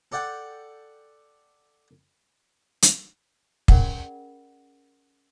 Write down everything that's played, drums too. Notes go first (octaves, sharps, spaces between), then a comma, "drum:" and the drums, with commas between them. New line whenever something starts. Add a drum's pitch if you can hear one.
A4 D5 F#5 G5
drum: hi-hat
C#4 G#4 A#4 D5 F#5 B5, drum: kick